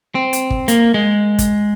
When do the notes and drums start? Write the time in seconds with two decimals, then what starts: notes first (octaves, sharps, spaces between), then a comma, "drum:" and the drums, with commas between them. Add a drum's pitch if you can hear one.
0.15 C4
0.33 drum: hi-hat
0.50 drum: kick
0.68 A#3, drum: hi-hat
0.94 G#3
1.38 drum: kick, hi-hat